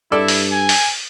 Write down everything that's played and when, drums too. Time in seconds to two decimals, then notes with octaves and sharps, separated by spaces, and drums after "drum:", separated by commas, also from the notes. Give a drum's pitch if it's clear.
0.12 G2 E4 A4 D5
0.28 drum: open hi-hat
0.52 G#5
0.69 drum: open hi-hat